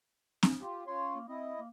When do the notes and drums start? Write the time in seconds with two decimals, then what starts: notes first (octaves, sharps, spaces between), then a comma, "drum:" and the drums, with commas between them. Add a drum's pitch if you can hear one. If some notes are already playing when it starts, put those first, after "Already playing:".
0.43 drum: snare
0.61 F4 G4
0.87 C#4 F4 C#5 C6
1.16 A#3
1.29 C4 E4 D#5
1.59 A#3